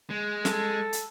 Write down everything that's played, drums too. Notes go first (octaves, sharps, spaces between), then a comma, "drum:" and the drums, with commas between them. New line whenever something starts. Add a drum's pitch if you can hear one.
G#3
A4, drum: snare
drum: hi-hat